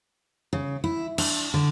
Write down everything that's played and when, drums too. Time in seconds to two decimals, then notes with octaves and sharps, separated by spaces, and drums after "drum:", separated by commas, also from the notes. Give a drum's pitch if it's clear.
0.53 C#3
0.84 E4
1.18 D4, drum: cymbal
1.54 D3